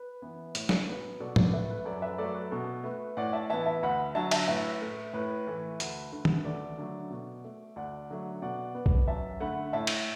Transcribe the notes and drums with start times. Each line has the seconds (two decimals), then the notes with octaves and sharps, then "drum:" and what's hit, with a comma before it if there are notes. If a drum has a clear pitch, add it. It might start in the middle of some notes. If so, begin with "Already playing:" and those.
Already playing: B4
0.22 E3 B3
0.55 A2, drum: hi-hat
0.69 drum: snare
0.88 F#3 B3
1.20 B2 A4 D5
1.36 A4 D5, drum: tom
1.53 A3 B4 E5
1.70 B4
1.85 F#2 A4 D5
2.02 B4 E5
2.18 F#3 A3 A4 D5
2.35 B4
2.51 B2 A4
2.84 A3 B4
3.17 A2 D5 F#5
3.33 E5 A5
3.50 E3 B3 E5 A5
3.66 E5 A5
3.83 D2 F#5 B5
4.15 D3 F#3 E5 A5
4.31 E5 A5, drum: cymbal
4.48 A2 B4 E5
4.81 A3
5.13 A2 B4
5.47 E3 A3
5.80 D2, drum: hi-hat
6.12 D3 A3
6.25 drum: tom D#3
6.45 D2 A4 D5
6.78 D3 F#3 A3
7.10 B2
7.44 A3
7.76 D2 D5 F#5
8.10 D3 F#3 A3
8.42 B2 D5 F#5
8.75 B3
8.86 drum: kick
9.08 F#2 E5 A5
9.40 D3 A3 F#5 B5
9.73 A2 E5 A5
9.87 drum: cymbal